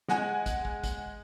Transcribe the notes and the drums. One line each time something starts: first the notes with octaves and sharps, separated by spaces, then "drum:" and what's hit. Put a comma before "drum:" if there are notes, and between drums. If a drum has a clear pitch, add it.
G#3 F#5 G#5, drum: snare
drum: kick, hi-hat
drum: kick
drum: kick, hi-hat